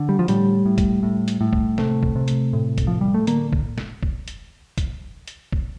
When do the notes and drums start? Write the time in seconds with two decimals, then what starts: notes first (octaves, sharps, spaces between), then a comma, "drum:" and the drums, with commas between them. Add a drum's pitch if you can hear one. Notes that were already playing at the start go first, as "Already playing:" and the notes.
Already playing: D3
0.09 G3
0.19 F3
0.28 A2 G3, drum: hi-hat
0.66 A2
0.78 drum: kick, hi-hat
1.03 A2
1.28 drum: hi-hat
1.41 A2
1.53 drum: kick
1.78 C3 A3, drum: snare
2.03 drum: kick
2.16 C3
2.28 drum: hi-hat
2.53 A2
2.78 drum: kick, hi-hat
2.87 A2 F3
3.01 G3
3.14 A3
3.27 D3 A#3, drum: hi-hat
3.53 drum: kick
3.78 drum: snare
4.03 drum: kick
4.28 drum: hi-hat
4.78 drum: kick, hi-hat
5.28 drum: hi-hat
5.52 drum: kick